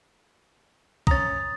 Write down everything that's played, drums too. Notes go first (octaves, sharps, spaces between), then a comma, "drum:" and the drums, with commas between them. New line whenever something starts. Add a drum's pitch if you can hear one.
C#4 A#5 D#6 A6, drum: kick B1